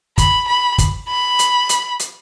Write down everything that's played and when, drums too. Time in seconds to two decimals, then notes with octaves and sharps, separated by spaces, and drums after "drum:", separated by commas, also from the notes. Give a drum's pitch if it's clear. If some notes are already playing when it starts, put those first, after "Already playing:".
0.18 B5, drum: kick, hi-hat
0.48 B5
0.78 drum: kick, hi-hat
1.09 B5
1.39 drum: hi-hat
1.69 drum: hi-hat
1.99 drum: hi-hat